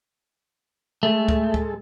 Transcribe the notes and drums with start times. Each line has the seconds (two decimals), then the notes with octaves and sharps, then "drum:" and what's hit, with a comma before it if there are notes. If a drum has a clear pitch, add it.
1.03 G#3 A3 A4
1.28 drum: kick
1.54 drum: kick